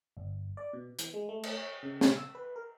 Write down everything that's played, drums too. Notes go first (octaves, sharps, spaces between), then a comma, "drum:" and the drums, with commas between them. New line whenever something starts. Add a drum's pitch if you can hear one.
G1
D5
B2
E3, drum: hi-hat
G#3
A3
drum: cymbal
C#5
C#3
drum: snare
E6
B4
A#4